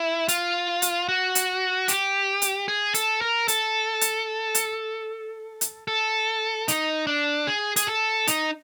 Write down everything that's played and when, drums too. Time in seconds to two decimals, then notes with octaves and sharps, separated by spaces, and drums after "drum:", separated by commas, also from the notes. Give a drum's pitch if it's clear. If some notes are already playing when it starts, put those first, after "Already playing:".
Already playing: E4
0.28 F4, drum: hi-hat
0.82 drum: hi-hat
1.09 F#4
1.35 drum: hi-hat
1.88 G4, drum: hi-hat
2.42 drum: hi-hat
2.68 G#4
2.94 A4, drum: hi-hat
3.21 A#4
3.48 A4, drum: hi-hat
4.01 drum: hi-hat
4.55 drum: hi-hat
5.61 drum: hi-hat
5.88 A4
6.68 D#4, drum: hi-hat
7.07 D4
7.47 G#4
7.76 G#4, drum: hi-hat
7.87 A4
8.27 D#4, drum: hi-hat